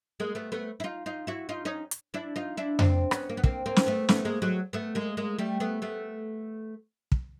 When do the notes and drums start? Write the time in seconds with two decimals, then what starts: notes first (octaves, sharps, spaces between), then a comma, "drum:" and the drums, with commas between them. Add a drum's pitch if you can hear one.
0.20 G#3 A#3
0.35 A3 B3
0.52 A3 B3
0.80 E4
0.84 D#4 F4
1.06 D#4 F4
1.27 E4 F#4
1.49 D#4 F4
1.65 C#4 D#4
1.91 drum: hi-hat
2.14 D4 E4
2.36 D#4 F4
2.57 D4 E4
2.79 C4 D4, drum: tom F2
3.11 B3 C#4, drum: rim click
3.29 A#3
3.37 B3
3.44 A#3 C4, drum: kick
3.66 A#3 C4
3.76 drum: snare
3.87 A3 B3
4.09 A3 B3, drum: snare
4.25 G#3 A#3
4.42 F#3 G#3
4.73 A3 B3
4.95 G#3 A#3
5.17 G#3 A#3
5.38 G3 A3
5.60 A3 B3
5.82 A3 B3
7.12 drum: kick